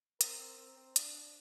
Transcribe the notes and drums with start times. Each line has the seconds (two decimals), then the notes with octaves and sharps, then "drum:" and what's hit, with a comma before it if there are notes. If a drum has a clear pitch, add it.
0.21 C4 A#4, drum: hi-hat
0.40 C4
0.58 C4
0.77 C4
0.96 D4, drum: hi-hat
1.15 D4